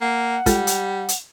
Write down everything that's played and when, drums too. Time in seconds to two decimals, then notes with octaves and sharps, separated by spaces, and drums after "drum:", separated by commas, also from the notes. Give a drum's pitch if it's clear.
0.01 A#3 F#5
0.46 G3 G#3 F4 A4, drum: kick, hi-hat
0.67 drum: hi-hat
1.09 drum: hi-hat